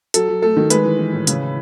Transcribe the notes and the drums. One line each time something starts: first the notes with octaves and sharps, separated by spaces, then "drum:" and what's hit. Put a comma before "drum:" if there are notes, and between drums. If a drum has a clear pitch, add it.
F#3 A4, drum: hi-hat
F#3
A3 A4
D#3
G#3 B4, drum: hi-hat
E3
E3
A2
C#3, drum: hi-hat